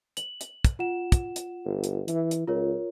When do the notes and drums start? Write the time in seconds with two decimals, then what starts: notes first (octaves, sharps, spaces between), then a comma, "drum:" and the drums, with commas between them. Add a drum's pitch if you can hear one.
0.17 F#7, drum: hi-hat
0.41 drum: hi-hat
0.65 drum: kick, hi-hat
0.79 F4 F#5 E7
1.12 drum: kick, hi-hat
1.36 drum: hi-hat
1.65 G1
1.84 drum: hi-hat
2.08 E3, drum: hi-hat
2.31 drum: hi-hat
2.48 C#2 F4 A#4 C#5